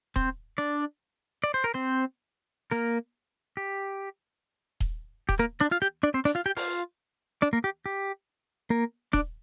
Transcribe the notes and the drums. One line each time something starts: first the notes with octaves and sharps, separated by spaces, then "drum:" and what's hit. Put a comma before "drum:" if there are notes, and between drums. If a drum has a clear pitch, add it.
C4 C5, drum: kick D#1
D4 D5
D5
C5
A#4
C4 C5
A#3 A#4
G4
drum: kick D#1
G4, drum: kick D#1
A#3 A#4
D4 D5
F4 F5
G4 G5
D4 D5
C4 C5
D4 D5, drum: hi-hat
F4 F5
G4 G5
F4 F5, drum: open hi-hat
D4 D5
A#3 A#4
G4
G4
A#3 A#4
D4 D5, drum: kick D#1